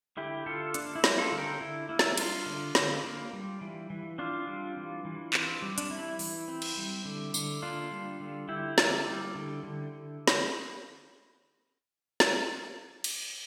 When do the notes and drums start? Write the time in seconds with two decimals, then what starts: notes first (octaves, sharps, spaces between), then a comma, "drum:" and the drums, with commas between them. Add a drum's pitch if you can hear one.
0.17 D3 E4 G4
0.46 D3 F4 A4
0.74 A#3 D4, drum: hi-hat
0.96 E4
1.04 G3, drum: snare
1.18 F4 A4
1.32 D3
1.38 G4 A#4
1.61 D3 E4
1.89 A#3 E4
1.99 drum: snare
2.18 G3 D4 F4, drum: cymbal
2.46 D3
2.75 D3, drum: snare
3.04 A#3
3.33 G3
3.61 E3
3.90 E3
4.18 C4 D4 F4
4.47 G3
4.77 E3
5.05 E3
5.34 C4, drum: clap
5.62 G3
5.78 D4, drum: hi-hat
5.90 E3 E4
6.19 E3, drum: open hi-hat
6.48 C4
6.62 drum: cymbal
6.77 G3
7.05 D3
7.34 D3, drum: tambourine
7.62 A#3 D4 F4
7.91 G3
8.20 D3
8.48 D3 E4 G4
8.78 A#3, drum: snare
9.06 G3
9.35 D3
9.63 D3
10.28 drum: snare
12.20 drum: snare
13.04 drum: cymbal